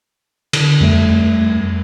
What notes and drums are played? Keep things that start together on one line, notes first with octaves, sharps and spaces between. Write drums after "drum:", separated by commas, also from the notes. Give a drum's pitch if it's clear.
D3, drum: cymbal
F2 G3 A3